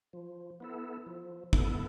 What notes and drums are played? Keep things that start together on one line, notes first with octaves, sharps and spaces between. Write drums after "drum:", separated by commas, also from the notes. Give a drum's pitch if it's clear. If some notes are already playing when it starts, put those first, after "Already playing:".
F3
B3 E4 A4
F3
B3 E4 A4, drum: kick